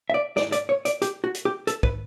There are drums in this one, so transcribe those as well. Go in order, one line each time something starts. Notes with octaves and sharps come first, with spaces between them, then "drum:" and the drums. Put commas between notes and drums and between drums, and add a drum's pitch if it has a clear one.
E5
D5
D5, drum: snare
D5, drum: hi-hat
C#5
D5, drum: hi-hat
G4, drum: hi-hat
F#4
drum: hi-hat
G4
A4, drum: hi-hat
B4, drum: kick